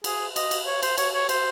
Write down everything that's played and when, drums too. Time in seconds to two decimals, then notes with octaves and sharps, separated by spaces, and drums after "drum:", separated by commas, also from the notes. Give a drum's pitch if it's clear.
0.04 G#4, drum: cymbal
0.36 D#5, drum: cymbal
0.51 drum: cymbal
0.67 C#5
0.83 C5, drum: cymbal
0.98 C#5, drum: cymbal
1.14 C#5
1.29 C5, drum: cymbal